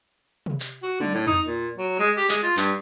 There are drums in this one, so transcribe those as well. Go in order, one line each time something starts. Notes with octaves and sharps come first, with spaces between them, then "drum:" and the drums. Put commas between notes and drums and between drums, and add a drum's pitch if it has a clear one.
drum: tom C3
drum: clap
F#4
D3, drum: tom F#3
A2
D#4, drum: tom E2
A#2
F#3
G#3
G4
G#3, drum: clap
F4
G2, drum: clap